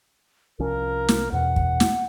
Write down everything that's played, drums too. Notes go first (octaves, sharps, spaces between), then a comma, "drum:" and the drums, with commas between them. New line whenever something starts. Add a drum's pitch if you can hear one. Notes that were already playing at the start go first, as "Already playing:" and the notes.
C2 F3 C#4 A#4
drum: snare
E2 B2 F#5
drum: kick
drum: snare